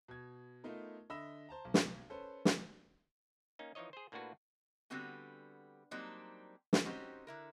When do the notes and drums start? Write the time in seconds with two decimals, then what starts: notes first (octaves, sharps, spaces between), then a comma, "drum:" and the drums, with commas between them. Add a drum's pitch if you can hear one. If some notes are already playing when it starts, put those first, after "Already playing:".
0.08 B2 G#6
0.64 A3 B3 D#4 F4 A#4
1.10 D3 D#5 E5 B5 E6 E7
1.49 C5 A5 A#5
1.65 B1
1.74 drum: snare
2.10 C#4 A4 B4 C5
2.45 drum: snare
3.59 A#3 C#4 D#4
3.75 E3 F3 D#4 C#5 D#5
3.93 G#4 C5
4.12 A2 A#3 D4 F4 F#4 B4
4.90 D3 G3 B3 C4 F#4 G#5
5.91 F#3 G3 A#3 C4 D4 D#4
6.73 drum: snare
6.85 C4 C#4 D#4 F#4 G4 C5
7.27 D3 E4 A#4